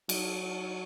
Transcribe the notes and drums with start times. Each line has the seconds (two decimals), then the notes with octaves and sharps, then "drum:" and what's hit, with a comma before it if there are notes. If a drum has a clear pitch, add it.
0.09 F#3, drum: cymbal